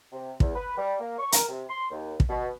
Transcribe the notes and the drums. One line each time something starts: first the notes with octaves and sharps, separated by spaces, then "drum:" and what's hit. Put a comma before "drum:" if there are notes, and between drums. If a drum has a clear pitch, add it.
C3
E2, drum: kick
B4
G3
A#3
C#6
A#4, drum: hi-hat
C3
C6
D#2
drum: kick
B2